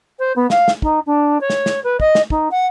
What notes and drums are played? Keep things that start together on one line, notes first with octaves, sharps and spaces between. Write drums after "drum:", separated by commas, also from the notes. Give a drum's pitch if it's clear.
C5
B3
F5, drum: snare
drum: snare
D#4, drum: kick
D4
C#5
drum: snare
drum: snare
B4
D#5, drum: kick
drum: snare
D#4, drum: kick
F#5